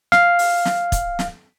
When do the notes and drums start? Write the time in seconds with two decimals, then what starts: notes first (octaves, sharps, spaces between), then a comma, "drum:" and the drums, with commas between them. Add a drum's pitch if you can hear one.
0.12 F5, drum: snare
0.39 drum: open hi-hat
0.65 drum: snare
0.92 drum: kick, hi-hat
1.19 drum: snare